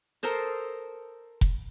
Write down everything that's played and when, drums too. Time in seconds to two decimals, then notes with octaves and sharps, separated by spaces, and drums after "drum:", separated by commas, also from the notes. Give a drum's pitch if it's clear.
0.23 A4 A#4 C5 D#5
1.41 drum: kick F1